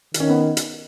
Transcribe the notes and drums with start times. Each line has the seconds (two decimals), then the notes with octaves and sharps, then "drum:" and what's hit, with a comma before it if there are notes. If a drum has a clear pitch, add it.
0.14 D#3, drum: hi-hat
0.20 C#4
0.29 B3
0.57 drum: hi-hat